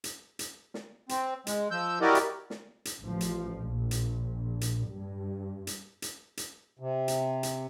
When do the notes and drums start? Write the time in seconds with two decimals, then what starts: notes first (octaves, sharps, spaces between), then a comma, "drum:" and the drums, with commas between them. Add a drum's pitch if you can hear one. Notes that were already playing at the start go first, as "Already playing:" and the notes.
0.04 drum: hi-hat
0.39 drum: hi-hat
0.74 drum: snare
1.09 C4, drum: hi-hat
1.47 G#3, drum: hi-hat
1.71 F3 E6 G6
2.01 E4 F#4 G4 A#4 D5 D#5
2.15 drum: hi-hat
2.50 drum: snare
2.85 drum: hi-hat
3.00 A1 F3
3.21 drum: hi-hat
3.63 A#1
3.91 drum: hi-hat
4.61 drum: hi-hat
4.88 G2
5.67 drum: hi-hat
6.02 drum: hi-hat
6.37 drum: hi-hat
6.79 C3
7.08 drum: hi-hat
7.43 drum: hi-hat